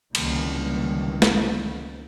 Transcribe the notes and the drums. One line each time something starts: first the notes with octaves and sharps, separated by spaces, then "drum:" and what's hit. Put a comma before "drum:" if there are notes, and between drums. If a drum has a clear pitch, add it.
C#2 C3 D#3 E3 G3 A#3, drum: cymbal
drum: snare